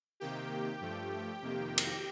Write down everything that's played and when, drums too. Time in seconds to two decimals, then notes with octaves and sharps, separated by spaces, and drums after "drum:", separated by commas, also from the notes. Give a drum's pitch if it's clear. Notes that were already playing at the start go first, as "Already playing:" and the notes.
0.20 C3 D#3 A#3 G4 G5
0.81 G2 F3 A3
1.42 F2 C3 D#3 A#3
1.78 drum: cymbal